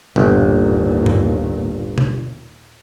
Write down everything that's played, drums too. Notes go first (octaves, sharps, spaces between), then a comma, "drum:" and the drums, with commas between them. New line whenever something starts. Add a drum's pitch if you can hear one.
G1 D#2 A#2, drum: tom B2
drum: tom G2
drum: tom B2